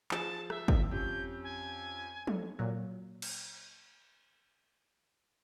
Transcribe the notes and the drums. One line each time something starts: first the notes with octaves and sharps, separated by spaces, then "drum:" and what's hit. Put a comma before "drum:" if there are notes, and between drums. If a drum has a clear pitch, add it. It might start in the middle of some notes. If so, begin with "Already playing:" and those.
F3 G#4 A5, drum: clap
E5, drum: rim click
drum: kick
F2 C#4 G4 G6
G#5
A4, drum: tom F3
A#2 F#3
drum: cymbal